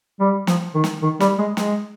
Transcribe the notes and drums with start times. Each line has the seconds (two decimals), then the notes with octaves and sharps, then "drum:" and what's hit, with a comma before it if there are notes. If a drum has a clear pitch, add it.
0.20 G3
0.47 F3, drum: snare
0.74 D#3
0.84 drum: snare
1.03 D#3
1.20 G3, drum: snare
1.39 G#3
1.57 G#3, drum: snare